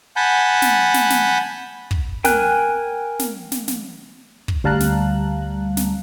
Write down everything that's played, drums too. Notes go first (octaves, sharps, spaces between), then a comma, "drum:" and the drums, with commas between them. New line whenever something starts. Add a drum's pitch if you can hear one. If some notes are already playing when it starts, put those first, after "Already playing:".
F#5 G#5 A5 B5 G6
drum: snare
drum: snare
drum: snare
drum: kick
A#4 G5 G#5 F#6, drum: snare
drum: snare
drum: snare
drum: snare
drum: kick
D2 G3 F5 A5 A#5 F#6
drum: snare
drum: snare